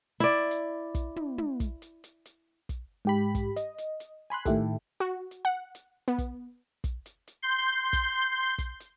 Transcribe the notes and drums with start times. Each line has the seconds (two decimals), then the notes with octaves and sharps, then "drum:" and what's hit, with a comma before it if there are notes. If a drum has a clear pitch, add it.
0.20 E4 D5
0.51 drum: hi-hat
0.95 drum: kick, hi-hat
1.16 drum: tom
1.38 drum: tom
1.60 drum: kick, hi-hat
1.82 drum: hi-hat
2.04 drum: hi-hat
2.25 drum: hi-hat
2.69 drum: kick, hi-hat
3.05 G#2 G4 B5
3.35 drum: kick, hi-hat
3.56 D#5, drum: hi-hat
3.78 drum: hi-hat
4.00 drum: hi-hat
4.30 G#5 B5 C6 F#6
4.45 A2 D#3 E4 G4 A4, drum: kick, hi-hat
5.00 F#4
5.31 drum: hi-hat
5.45 F#5
5.75 drum: hi-hat
6.08 B3
6.18 drum: kick, hi-hat
6.84 drum: kick, hi-hat
7.06 drum: hi-hat
7.27 drum: hi-hat
7.42 C6 G6
7.93 drum: kick, hi-hat
8.58 drum: kick, hi-hat
8.80 drum: hi-hat